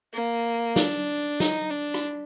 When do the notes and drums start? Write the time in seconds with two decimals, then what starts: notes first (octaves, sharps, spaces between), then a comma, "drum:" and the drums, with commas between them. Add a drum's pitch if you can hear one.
0.13 A#3
0.76 D4, drum: snare
1.40 D#4, drum: snare
1.70 D4
1.94 drum: rim click